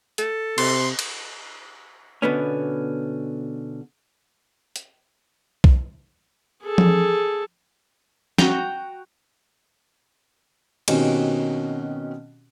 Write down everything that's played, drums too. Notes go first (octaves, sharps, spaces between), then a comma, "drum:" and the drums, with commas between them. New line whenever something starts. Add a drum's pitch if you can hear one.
A4, drum: hi-hat
C3 C6, drum: cymbal
drum: cymbal
B2 D3 B3 C#4
drum: hi-hat
drum: kick B1
G#4 A4
drum: tom F3
F#4 G5 A#5, drum: snare
B2 D#3 C4 C#4 F#4 G4, drum: cymbal